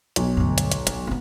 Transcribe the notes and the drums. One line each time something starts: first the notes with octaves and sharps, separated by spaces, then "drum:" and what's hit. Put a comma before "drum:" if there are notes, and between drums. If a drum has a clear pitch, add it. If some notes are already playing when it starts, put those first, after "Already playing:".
B1, drum: hi-hat
D2 G2
drum: hi-hat
drum: hi-hat
F#3, drum: hi-hat
A#3 B3